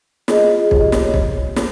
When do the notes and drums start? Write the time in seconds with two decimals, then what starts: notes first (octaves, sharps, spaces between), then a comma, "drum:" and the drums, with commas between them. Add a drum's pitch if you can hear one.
0.28 F4 G#4 D#5, drum: snare
0.71 G4 C#5, drum: kick
0.92 drum: snare
1.14 drum: kick
1.56 drum: snare